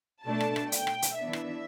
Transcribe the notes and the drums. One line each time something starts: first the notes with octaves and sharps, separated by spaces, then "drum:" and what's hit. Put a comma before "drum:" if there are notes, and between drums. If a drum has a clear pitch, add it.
B2 A3 D4 A5
drum: rim click
drum: rim click
G5, drum: hi-hat
drum: rim click
drum: hi-hat
E3 B3 D4 E5
drum: rim click